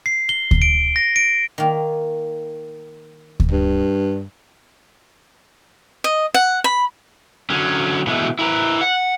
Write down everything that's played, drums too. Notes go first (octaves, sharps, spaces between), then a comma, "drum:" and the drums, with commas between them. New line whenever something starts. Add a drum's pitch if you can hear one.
C7
G7
drum: kick D2
D7
A#6
D7
D#3 A#3
drum: kick D2
G2
D#5
F#5
B5
D3 F#3 C#4
B2 E3 G#3 A3
E4 A#4 B4
F#5